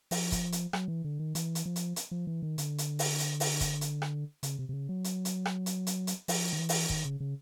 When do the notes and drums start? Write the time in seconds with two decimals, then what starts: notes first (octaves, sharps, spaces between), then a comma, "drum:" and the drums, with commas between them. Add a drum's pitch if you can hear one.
0.11 F3, drum: open hi-hat
0.32 drum: kick, hi-hat
0.52 drum: hi-hat
0.73 F#3, drum: rim click
0.88 E3
1.04 D3
1.19 D#3
1.35 E3, drum: hi-hat
1.55 drum: hi-hat
1.66 F3
1.76 drum: hi-hat
1.96 drum: hi-hat
2.11 F3
2.27 E3
2.43 D#3
2.58 D3, drum: hi-hat
2.78 drum: hi-hat
2.99 drum: open hi-hat
3.19 drum: hi-hat
3.40 drum: open hi-hat
3.61 drum: kick, hi-hat
3.81 drum: hi-hat
4.02 drum: rim click
4.43 C#3, drum: hi-hat
4.59 C3
4.69 C3
4.73 C#3
4.89 F#3
5.04 drum: hi-hat
5.25 drum: hi-hat
5.45 drum: rim click
5.66 drum: hi-hat
5.87 drum: hi-hat
6.07 drum: hi-hat
6.28 F3, drum: open hi-hat
6.53 D#3
6.59 E3
6.69 drum: open hi-hat
6.90 D#3, drum: kick
7.05 C#3
7.20 C#3